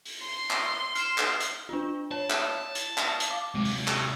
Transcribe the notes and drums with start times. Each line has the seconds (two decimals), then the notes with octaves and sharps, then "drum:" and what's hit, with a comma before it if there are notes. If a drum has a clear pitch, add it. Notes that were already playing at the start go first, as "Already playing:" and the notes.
0.06 drum: open hi-hat
0.22 C6
0.50 drum: clap
0.95 F6 C7 E7, drum: hi-hat
1.18 drum: clap
1.40 drum: hi-hat
1.69 D4 F4
2.11 C#5 A5
2.30 drum: clap
2.75 drum: hi-hat
2.98 drum: clap
3.20 drum: hi-hat
3.30 F5 D6
3.55 C3 F#3 G#3
3.65 drum: open hi-hat
3.88 drum: clap